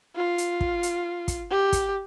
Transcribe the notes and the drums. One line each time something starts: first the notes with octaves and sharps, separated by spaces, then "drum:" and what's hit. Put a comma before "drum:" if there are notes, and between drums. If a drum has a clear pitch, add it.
F4
drum: hi-hat
drum: kick
drum: hi-hat
drum: kick, hi-hat
G4
drum: kick, hi-hat